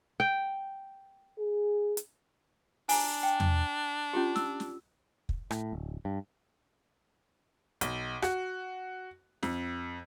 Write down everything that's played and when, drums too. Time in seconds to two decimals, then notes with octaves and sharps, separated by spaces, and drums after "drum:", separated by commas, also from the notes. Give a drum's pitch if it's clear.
0.20 G5
1.39 G#4
1.97 drum: hi-hat
2.89 D4 G#5 A#5, drum: open hi-hat
3.23 G5
3.40 drum: tom E2
4.13 C#4 F4 G4
4.36 E6, drum: snare
4.60 drum: snare
5.29 drum: kick
5.51 A2, drum: rim click
5.73 D1
6.05 G2
7.81 B1, drum: hi-hat
8.22 F#4, drum: rim click
9.43 F2, drum: snare